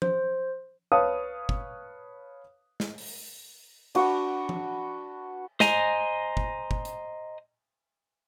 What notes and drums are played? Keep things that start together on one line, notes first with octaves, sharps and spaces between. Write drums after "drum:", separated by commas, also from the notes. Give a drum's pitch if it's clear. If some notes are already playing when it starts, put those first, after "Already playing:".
C5, drum: tom F3
B4 C#5 F5 A5 D#6
drum: kick
drum: snare
drum: open hi-hat
D4 F#4 B4, drum: cymbal
drum: tom F3
C5 D#5 G#5 A#5, drum: snare
drum: kick
drum: kick
drum: hi-hat